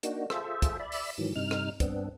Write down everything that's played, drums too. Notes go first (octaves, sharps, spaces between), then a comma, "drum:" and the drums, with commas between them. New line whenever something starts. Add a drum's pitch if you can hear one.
A#3 D4 D#4 F#4, drum: hi-hat
F4 G#4 A4 C5 E5, drum: rim click
drum: kick, hi-hat
D5 E5 B5
drum: open hi-hat
G#2 D#3 E3 F#3
G2 C3 D#4 F6
drum: rim click
G2 B3 C4 D4, drum: kick, hi-hat